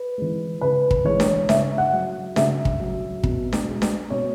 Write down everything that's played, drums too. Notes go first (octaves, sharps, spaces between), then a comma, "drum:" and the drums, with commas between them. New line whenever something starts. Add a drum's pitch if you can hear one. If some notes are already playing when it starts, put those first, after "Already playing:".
Already playing: B4
E3 G#3
C#3 B4
drum: kick
E3 G#3 C#5
drum: snare D4
C#3 E5, drum: snare D4
F#5
F#3
C#3 E5, drum: snare D4
drum: kick
F#3
B2, drum: kick
drum: snare D4
G#3
drum: snare D4
B2 C#5